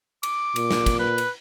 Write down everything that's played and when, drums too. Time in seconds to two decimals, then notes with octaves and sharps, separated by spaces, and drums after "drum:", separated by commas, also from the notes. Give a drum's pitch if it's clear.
0.23 D6, drum: cymbal
0.56 A#2, drum: cymbal
0.71 drum: snare
0.86 drum: kick, cymbal
0.99 B4
1.18 drum: cymbal